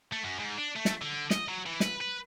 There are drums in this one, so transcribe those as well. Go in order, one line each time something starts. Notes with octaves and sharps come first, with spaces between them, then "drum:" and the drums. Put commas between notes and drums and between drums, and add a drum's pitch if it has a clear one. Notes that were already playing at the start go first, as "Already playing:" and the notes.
A3
F#2
G#2
D4
A3
drum: snare
D3
D#5, drum: snare
F#3
E3
B4, drum: snare
B4